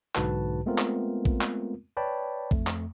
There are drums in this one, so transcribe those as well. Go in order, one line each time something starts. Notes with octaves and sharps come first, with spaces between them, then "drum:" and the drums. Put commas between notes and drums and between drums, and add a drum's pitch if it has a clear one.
B1 G#2 D3 F#4 B4 A5, drum: clap
G#3 A3 B3 C4 F4 A#4
drum: clap
drum: kick A1
drum: clap
B4 C#5 D5 G5 A5 B5
F2 A3, drum: kick A1
drum: clap